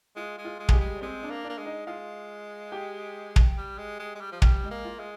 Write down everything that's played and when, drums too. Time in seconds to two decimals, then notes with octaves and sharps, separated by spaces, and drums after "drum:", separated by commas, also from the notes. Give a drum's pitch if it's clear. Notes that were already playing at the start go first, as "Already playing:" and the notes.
0.16 G#3 F4
0.38 G#3
0.45 F4
0.60 G#3
0.69 G#4, drum: kick
0.73 G3 G4
0.80 G#3
0.96 D5
1.01 G#3 C4 C5
1.23 D4 D5
1.30 A#3
1.44 D4 D5
1.49 A#3
1.58 G#3
1.65 D#4 D#5
1.87 G#3 F4 F5
2.72 G4 G5
3.36 drum: kick
3.57 G3
3.79 G#3
4.00 G#3
4.15 G#3
4.21 G3
4.32 F3
4.42 G3 G4 G5, drum: kick
4.64 G#3 G#4
4.71 A#3
4.85 F4
4.99 G#3